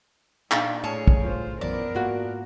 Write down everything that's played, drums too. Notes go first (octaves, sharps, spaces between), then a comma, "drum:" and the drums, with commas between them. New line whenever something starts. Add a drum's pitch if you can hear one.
A#2 D4 D#4 F5, drum: clap
A2 G#4 A#4 C#5 A5
drum: kick
F4 C5
A#1 F#2 E3 B3 D4 A#4 D5
G#2 A#3 F4 F#4 F#5